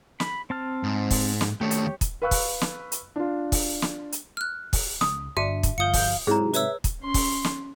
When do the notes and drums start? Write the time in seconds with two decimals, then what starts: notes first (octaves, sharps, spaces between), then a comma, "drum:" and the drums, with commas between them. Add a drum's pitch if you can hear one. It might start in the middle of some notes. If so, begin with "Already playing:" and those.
0.20 B5, drum: snare
0.50 C4 A5 F6
0.83 G#2
1.11 drum: kick, open hi-hat
1.41 drum: snare
1.61 D#2 A3 G4 C#5
1.71 drum: hi-hat
2.01 drum: kick, hi-hat
2.22 B4 F5 B5 C#6 E6 F#6
2.31 drum: kick, open hi-hat
2.61 drum: snare
2.92 drum: hi-hat
3.16 D4 F4
3.52 drum: kick, open hi-hat
3.82 drum: snare
4.12 drum: hi-hat
4.37 F6 F#6
4.73 drum: kick, open hi-hat
5.01 C#2 D#6, drum: snare
5.37 G1 D4 F#4 E5 C#7 D#7
5.63 drum: kick, hi-hat
5.78 G1 F3 F5 D#6 G6 C#7
5.94 drum: kick, open hi-hat
6.27 G#2 C3 F#3 E4 G#4 A#5
6.54 B4 C#5 E5 E6, drum: hi-hat
6.84 drum: kick, hi-hat
7.01 C#4 C6
7.14 drum: kick, open hi-hat
7.44 drum: snare